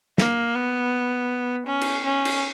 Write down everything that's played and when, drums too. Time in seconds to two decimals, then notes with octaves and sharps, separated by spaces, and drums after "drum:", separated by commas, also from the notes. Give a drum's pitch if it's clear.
0.18 A#3, drum: snare
0.55 B3
1.67 C#4
1.81 drum: cymbal
2.04 C#4
2.25 drum: cymbal